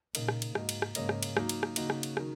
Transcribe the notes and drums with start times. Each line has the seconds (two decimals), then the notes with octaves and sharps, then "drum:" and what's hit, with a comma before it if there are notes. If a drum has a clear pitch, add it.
0.15 A#2 C#3 A#3 D#4 A#4 D#5, drum: cymbal
0.28 drum: rim click
0.42 drum: cymbal
0.55 G#2 A#3 F#4 D#5, drum: rim click
0.69 drum: cymbal
0.82 drum: rim click
0.95 G#2 C#3 A#3 C#4 A#4 D#5, drum: cymbal
1.09 drum: rim click
1.23 drum: cymbal
1.37 F#3 A#3 D#4, drum: rim click
1.49 drum: cymbal
1.63 drum: rim click
1.76 C#3 A#3 D#4 F#4 D#5, drum: cymbal
1.90 drum: rim click
2.03 drum: cymbal
2.17 D#3 F#3 D#4 A#4, drum: rim click